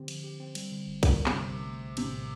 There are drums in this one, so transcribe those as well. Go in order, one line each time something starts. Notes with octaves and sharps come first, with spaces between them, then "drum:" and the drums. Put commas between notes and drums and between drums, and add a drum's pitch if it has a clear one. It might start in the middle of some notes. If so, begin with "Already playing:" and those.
Already playing: D3 C4 G4
F3, drum: cymbal
G4
C4
G3, drum: cymbal
D3
G1
G2 D#3, drum: kick, cymbal
G3
C3, drum: clap
D3
A#1
A3
A#1
A2 C3, drum: cymbal